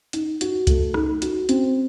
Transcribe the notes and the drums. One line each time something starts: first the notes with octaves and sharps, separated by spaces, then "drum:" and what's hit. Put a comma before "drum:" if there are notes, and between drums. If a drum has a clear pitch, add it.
D#4, drum: hi-hat
F#4, drum: hi-hat
A3, drum: kick C2, hi-hat
D#4, drum: rim click
F#4, drum: hi-hat
C4, drum: hi-hat